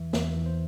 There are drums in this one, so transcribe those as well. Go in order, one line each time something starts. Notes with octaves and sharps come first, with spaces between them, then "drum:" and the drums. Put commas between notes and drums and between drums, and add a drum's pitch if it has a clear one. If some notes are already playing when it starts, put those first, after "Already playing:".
Already playing: E2 E3 E5
E2 E5, drum: snare
E3
C5